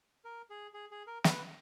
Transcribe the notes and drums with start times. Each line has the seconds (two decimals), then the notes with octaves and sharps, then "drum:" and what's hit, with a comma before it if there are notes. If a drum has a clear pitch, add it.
0.25 A#4
0.50 G#4
0.74 G#4
0.91 G#4
1.07 A#4
1.24 B4, drum: snare